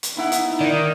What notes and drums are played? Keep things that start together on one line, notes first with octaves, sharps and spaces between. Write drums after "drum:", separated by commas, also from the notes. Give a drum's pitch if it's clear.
drum: hi-hat
B3 D#4 E4 F#5
drum: hi-hat
D#3 D5